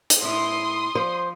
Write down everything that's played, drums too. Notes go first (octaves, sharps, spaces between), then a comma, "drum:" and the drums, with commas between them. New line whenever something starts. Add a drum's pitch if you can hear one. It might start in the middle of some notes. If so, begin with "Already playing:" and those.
drum: hi-hat
A2 E4 C6 D#6
F3 C5